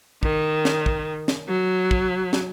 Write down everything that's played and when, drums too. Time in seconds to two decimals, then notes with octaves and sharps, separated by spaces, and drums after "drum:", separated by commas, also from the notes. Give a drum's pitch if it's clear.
0.23 D#3, drum: kick
0.65 drum: snare
0.86 drum: kick
1.28 drum: snare
1.48 F#3
1.91 drum: kick
2.33 drum: snare